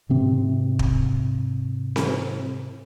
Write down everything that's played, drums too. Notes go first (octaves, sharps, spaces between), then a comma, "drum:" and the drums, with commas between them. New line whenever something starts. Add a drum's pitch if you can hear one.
G#2 C3 C4
drum: kick
drum: snare C4